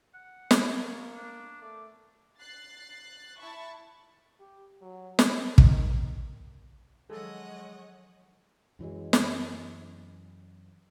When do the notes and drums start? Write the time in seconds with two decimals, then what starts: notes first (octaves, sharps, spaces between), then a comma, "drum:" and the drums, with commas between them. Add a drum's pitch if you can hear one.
0.14 F#5
0.51 drum: snare
0.65 A#3 C#5
1.16 D4
1.61 A3 D5
2.40 F#6 A6 C7
3.40 E4 E5 A5 C#6
4.40 G4
4.81 F#3
5.19 C4, drum: snare
5.58 D#3, drum: kick
7.10 D#3 F3 F#3 G#3 A4 C#5 D#5 F#5
8.79 F#2 E3 F#3 G#3
9.13 drum: snare